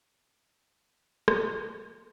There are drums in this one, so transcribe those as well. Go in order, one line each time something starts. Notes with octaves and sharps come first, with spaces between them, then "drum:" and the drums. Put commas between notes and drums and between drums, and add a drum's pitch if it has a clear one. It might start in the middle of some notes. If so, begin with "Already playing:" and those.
A#2 G#3 A#3 B3
E2
D#6
F3 G3 G4, drum: rim click
A2 G3 A3 F#4 D#5